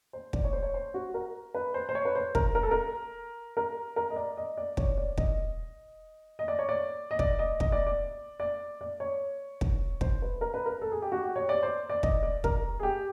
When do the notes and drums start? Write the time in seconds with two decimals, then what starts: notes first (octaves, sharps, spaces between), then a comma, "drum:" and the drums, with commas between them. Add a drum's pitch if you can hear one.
0.13 C5
0.33 D5, drum: kick
0.44 C#5
0.53 C5
0.63 C#5
0.74 C5
0.94 F#4
1.14 A#4
1.54 B4
1.74 C5
1.89 C5
1.95 C#5
2.05 B4
2.15 C5
2.35 A#4, drum: kick
2.55 A#4
2.63 A4
2.71 A#4
3.57 A#4
3.96 A#4
4.10 D#5
4.16 D5
4.37 D#5
4.57 D5
4.77 C#5, drum: kick
4.97 D5
5.18 D#5, drum: kick
6.39 D#5
6.48 D5
6.59 C#5
6.69 D5
7.11 D#5
7.19 D5, drum: kick
7.39 D#5
7.60 D#5, drum: kick
7.72 D5
7.87 D5
8.40 D5
8.81 D5
9.00 C#5
9.61 drum: kick
10.01 C5, drum: kick
10.22 B4
10.41 A#4
10.54 B4
10.66 A#4
10.82 A4
10.92 G#4
11.02 G4
11.12 F#4
11.23 G4
11.36 C#5
11.49 D5
11.63 C5
11.90 D5
12.03 D#5, drum: kick
12.23 D5
12.44 A#4, drum: kick
12.80 G#4
12.83 G4